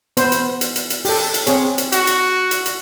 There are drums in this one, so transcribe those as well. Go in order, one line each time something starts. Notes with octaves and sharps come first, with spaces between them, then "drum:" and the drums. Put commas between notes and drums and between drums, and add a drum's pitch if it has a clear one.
B3 C5, drum: hi-hat
drum: hi-hat
drum: hi-hat
drum: hi-hat
drum: hi-hat
G4 A4, drum: open hi-hat
drum: hi-hat
C4 G#4 C#5, drum: hi-hat
drum: hi-hat
F#4, drum: hi-hat
drum: hi-hat
drum: hi-hat
drum: hi-hat